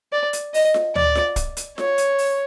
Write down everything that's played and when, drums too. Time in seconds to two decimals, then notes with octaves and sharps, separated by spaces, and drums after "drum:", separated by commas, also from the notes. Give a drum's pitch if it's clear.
0.12 D5
0.33 drum: hi-hat
0.54 D#5, drum: open hi-hat
0.74 drum: snare F4
0.95 D5, drum: tom D2
1.15 drum: snare F4
1.36 drum: kick, hi-hat
1.57 drum: hi-hat
1.78 C#5, drum: snare F4
1.98 drum: hi-hat
2.18 drum: open hi-hat